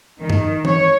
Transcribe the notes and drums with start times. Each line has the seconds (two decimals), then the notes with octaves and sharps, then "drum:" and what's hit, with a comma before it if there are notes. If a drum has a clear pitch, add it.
0.20 D#3
0.30 drum: tom G2
0.65 C#5, drum: tom E3